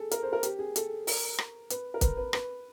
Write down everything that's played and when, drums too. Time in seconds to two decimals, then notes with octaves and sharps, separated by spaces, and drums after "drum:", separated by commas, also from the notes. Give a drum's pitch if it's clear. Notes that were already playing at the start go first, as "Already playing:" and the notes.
Already playing: G#4 A4
0.11 A#4, drum: hi-hat
0.23 C5
0.33 A#4
0.43 G4, drum: hi-hat
0.59 G#4
0.76 A4, drum: hi-hat
1.07 A#4, drum: open hi-hat
1.38 drum: rim click
1.70 B4, drum: hi-hat
1.94 A#4
2.01 B4, drum: kick, hi-hat
2.17 B4
2.33 B4, drum: rim click